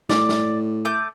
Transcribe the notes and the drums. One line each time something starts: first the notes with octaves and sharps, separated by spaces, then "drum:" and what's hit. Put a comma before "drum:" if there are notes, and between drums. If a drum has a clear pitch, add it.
A2 D5, drum: snare
drum: snare
A3 D6 G6